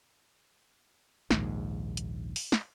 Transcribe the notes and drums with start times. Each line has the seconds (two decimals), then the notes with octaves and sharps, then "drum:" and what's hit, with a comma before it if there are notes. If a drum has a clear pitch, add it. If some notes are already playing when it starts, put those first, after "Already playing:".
1.31 A#1 D#2 G#2, drum: snare
1.97 drum: hi-hat
2.36 drum: open hi-hat
2.52 drum: snare